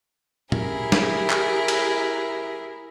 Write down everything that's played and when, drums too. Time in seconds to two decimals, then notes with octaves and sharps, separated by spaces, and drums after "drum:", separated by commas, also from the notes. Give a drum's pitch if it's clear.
0.52 E4 G4 G#4 A#4, drum: tom
0.92 drum: snare
1.30 drum: clap
1.68 drum: cymbal